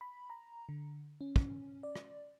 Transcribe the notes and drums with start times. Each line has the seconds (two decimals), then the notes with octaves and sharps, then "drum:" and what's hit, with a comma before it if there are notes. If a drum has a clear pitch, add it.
0.01 B5
0.30 A#5
0.69 D3
1.21 C#4
1.36 drum: kick
1.83 D5
1.96 drum: rim click